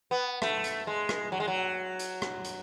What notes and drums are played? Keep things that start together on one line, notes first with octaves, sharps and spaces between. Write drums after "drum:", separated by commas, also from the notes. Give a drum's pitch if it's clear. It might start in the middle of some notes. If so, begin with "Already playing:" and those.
B3
A3, drum: rim click
drum: hi-hat
G#3
drum: rim click
F#3
G#3
F#3
drum: hi-hat
drum: rim click
drum: hi-hat